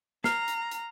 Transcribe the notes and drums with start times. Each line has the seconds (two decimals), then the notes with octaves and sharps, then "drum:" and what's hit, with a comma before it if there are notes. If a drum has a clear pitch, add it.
0.24 A#5 F6 C7, drum: snare
0.48 drum: hi-hat
0.71 drum: hi-hat